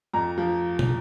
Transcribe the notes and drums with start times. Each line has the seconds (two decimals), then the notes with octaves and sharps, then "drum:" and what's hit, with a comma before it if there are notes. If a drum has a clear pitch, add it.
0.14 F2 A#5
0.38 F3
0.79 drum: tom